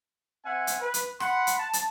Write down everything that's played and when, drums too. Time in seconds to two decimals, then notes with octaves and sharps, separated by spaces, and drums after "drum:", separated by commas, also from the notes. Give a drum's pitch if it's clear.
0.45 C4 E5 F#5 G#5
0.67 drum: hi-hat
0.80 B4
0.94 drum: hi-hat
1.20 F#5 B5 C6, drum: rim click
1.47 drum: hi-hat
1.58 A5
1.73 drum: hi-hat